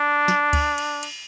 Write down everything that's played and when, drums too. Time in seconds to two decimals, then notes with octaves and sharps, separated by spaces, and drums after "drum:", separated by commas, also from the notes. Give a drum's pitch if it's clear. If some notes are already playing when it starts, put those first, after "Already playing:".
Already playing: D4
0.28 drum: snare
0.53 drum: kick C#2, cymbal
0.78 drum: cymbal
1.03 drum: cymbal